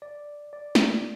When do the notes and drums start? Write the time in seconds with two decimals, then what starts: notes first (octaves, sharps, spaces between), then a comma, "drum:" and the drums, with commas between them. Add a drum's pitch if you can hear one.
0.02 D5
0.53 D5
0.75 drum: snare